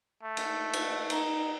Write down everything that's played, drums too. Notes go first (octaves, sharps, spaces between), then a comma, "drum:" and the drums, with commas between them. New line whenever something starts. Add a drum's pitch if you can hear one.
A3
drum: cymbal
drum: cymbal
D#4, drum: cymbal